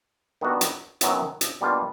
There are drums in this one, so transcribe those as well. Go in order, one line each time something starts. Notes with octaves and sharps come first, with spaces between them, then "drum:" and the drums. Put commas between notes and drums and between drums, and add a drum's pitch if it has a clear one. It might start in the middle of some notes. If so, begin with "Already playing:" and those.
D#3 G3 B3 D4 F#4
drum: hi-hat
F#2 D#3 F#3 B3 E4, drum: hi-hat
drum: hi-hat
B2 G3 A#3 D4 F4